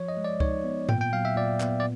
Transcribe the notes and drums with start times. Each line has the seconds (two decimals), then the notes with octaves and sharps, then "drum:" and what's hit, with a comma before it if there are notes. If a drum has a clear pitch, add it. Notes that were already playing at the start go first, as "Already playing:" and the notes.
Already playing: F3 C#5
0.08 D#5
0.17 G#3
0.25 D5
0.40 D#4 C#5, drum: kick C#2
0.64 B3
0.89 A#2 G5, drum: tom G#2
1.01 G5
1.13 F#3 F5
1.25 E5
1.36 A#2 D5
1.60 B3, drum: clap
1.80 D5